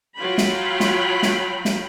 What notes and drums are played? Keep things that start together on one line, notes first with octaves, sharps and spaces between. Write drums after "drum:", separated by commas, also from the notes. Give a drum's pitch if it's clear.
F#3 F4 G5 B5
drum: snare
drum: snare
drum: snare
drum: snare